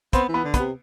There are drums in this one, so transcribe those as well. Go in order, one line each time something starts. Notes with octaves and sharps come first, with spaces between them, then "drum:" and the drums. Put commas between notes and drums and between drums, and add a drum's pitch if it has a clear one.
B3 C4 C5, drum: kick, hi-hat
E3
B3 B4
D3
B3 B4, drum: kick, hi-hat
C3